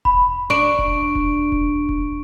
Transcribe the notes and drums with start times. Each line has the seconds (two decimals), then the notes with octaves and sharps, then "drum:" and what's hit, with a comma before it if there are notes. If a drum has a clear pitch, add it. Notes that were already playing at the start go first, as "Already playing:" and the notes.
0.05 B5, drum: kick E1
0.50 D4 C#6 D7
0.79 drum: kick E1
1.15 drum: kick E1
1.52 drum: kick E1
1.89 drum: kick E1